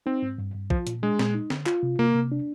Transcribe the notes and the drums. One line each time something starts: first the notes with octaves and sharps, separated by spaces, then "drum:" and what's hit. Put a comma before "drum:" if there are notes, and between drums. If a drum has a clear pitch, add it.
C4 D#4
G#2
G2
G2
F3 F4, drum: kick
A#2, drum: hi-hat
G#3 D4
A#2, drum: snare
D#4
D3, drum: snare
F4, drum: clap
C3
C3 A#3
C3
D4